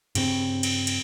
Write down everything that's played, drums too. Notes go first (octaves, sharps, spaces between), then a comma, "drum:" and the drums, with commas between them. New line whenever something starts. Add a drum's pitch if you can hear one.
G2 C#3 C4, drum: cymbal
drum: cymbal
drum: cymbal